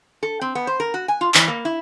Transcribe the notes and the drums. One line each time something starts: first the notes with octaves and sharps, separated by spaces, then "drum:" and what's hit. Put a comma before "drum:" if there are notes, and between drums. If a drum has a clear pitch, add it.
A4
C4
B3
C5
A#4
F#4
G#5
F4
E3, drum: clap
A#3
E4